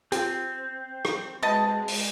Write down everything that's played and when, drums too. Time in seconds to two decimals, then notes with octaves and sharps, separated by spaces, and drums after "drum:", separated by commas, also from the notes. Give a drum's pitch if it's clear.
0.12 C4 F4 G4, drum: hi-hat
1.05 drum: rim click
1.43 B2 G#3 D#5 A5
1.88 drum: open hi-hat